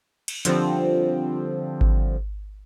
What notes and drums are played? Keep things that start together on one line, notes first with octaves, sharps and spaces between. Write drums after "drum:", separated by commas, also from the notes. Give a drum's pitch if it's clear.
drum: cymbal
D3 F3 G3 C4, drum: hi-hat
drum: kick G#1